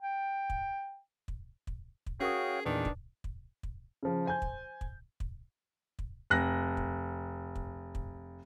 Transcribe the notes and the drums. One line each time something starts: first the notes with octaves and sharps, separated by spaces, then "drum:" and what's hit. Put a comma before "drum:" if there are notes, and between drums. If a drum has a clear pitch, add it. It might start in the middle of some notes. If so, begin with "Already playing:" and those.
G5
drum: kick
drum: kick
drum: kick
drum: kick
C#4 F#4 G#4 A#4 C#5 F5 G5 D#6
E2 A#2 D#3 D4 G#4 B4
drum: kick
drum: kick
drum: kick
C#3 F3
C5 G#5 G6
drum: kick
drum: kick
drum: kick
drum: kick
F1 F#6 A#6
drum: kick
drum: kick
drum: kick